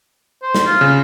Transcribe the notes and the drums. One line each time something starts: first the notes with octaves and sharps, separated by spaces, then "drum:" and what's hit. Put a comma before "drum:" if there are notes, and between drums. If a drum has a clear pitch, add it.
C5
drum: snare
F4
C#3